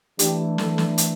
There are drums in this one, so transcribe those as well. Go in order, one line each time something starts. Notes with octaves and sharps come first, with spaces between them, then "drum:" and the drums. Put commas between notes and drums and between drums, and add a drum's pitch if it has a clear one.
E3 A3 D4 G4, drum: hi-hat
A4, drum: snare
drum: snare
drum: hi-hat